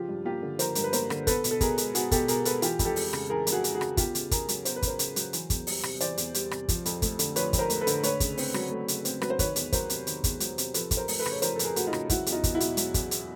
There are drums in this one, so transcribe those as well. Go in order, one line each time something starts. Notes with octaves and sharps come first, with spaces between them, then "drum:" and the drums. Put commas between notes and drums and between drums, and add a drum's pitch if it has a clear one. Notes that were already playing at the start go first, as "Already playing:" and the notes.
Already playing: C#3 F3 F4 G4
G2
A#3 F4 G4
D3
F3 A#4 C5, drum: hi-hat
G2 A#4, drum: hi-hat
B4
A#3 A#4 C5, drum: hi-hat
D3, drum: rim click
B3 A4 B4, drum: kick, hi-hat
B2, drum: hi-hat
A4
B2 G#4 A#4, drum: kick, hi-hat
G#3, drum: hi-hat
B3 F#4 G#4, drum: hi-hat
B2 G4 A4, drum: kick, hi-hat
B2 G#4 A#4, drum: hi-hat
G#3 A4 B4, drum: hi-hat
E3 F4 G4, drum: hi-hat
F2, drum: kick, hi-hat
G4 A4
G#3, drum: open hi-hat
C#3, drum: rim click
E3 G#4 A#4
F2, drum: hi-hat
F#4 G#4
G#3, drum: hi-hat
F#4 G#4
C#3, drum: rim click
B3 F4 G4, drum: kick, hi-hat
C#3, drum: hi-hat
C#3 G#4 A#4, drum: kick, hi-hat
F#3, drum: hi-hat
B3 C5, drum: hi-hat
B4
C#3 A#4 C5, drum: kick, hi-hat
C#3, drum: hi-hat
F#3, drum: hi-hat
E3, drum: hi-hat
E2, drum: kick, hi-hat
G3, drum: open hi-hat
C3, drum: rim click
E3 C5 D5, drum: hi-hat
E2, drum: hi-hat
G3, drum: hi-hat
C3, drum: rim click
F3, drum: kick, hi-hat
F2, drum: hi-hat
A3, drum: kick, hi-hat
D3, drum: hi-hat
F3 B4 C#5, drum: hi-hat
F2, drum: kick, hi-hat
A#4 C5
A3, drum: hi-hat
A4 B4
D3, drum: hi-hat
A3 B4 C#5, drum: hi-hat
C#3, drum: kick, hi-hat
C4, drum: open hi-hat
F#3, drum: rim click
A3
C#3, drum: hi-hat
C4, drum: hi-hat
F#3 B4, drum: rim click
C5
D#3 B4 C#5, drum: kick, hi-hat
E2, drum: hi-hat
F#3 A#4 C5, drum: kick, hi-hat
C3, drum: hi-hat
D#3, drum: hi-hat
E2, drum: kick, hi-hat
F#3, drum: hi-hat
C3, drum: hi-hat
F3 A4 B4, drum: hi-hat
F2, drum: kick, hi-hat
A#4 C5
A3, drum: open hi-hat
A4 B4
C#3, drum: rim click
C#5
F3 A#4 C5, drum: hi-hat
A4
F2, drum: hi-hat
G#4 A#4
A3 F#4, drum: hi-hat
D#4 F4
C#3, drum: rim click
F#3 E4 F#4, drum: kick, hi-hat
E2, drum: hi-hat
D#4 F4
E2, drum: kick, hi-hat
E4 F#4
B2, drum: hi-hat
F#3, drum: hi-hat
E2, drum: kick, hi-hat
drum: hi-hat